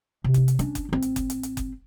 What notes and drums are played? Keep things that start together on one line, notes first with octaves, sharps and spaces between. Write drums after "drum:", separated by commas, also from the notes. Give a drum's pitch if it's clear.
C3
drum: kick F#1, hi-hat
drum: hi-hat
C#4 D4, drum: hi-hat
drum: kick F#1, hi-hat
A1 C4
drum: hi-hat
drum: kick F#1, hi-hat
drum: hi-hat
drum: hi-hat
drum: kick F#1, hi-hat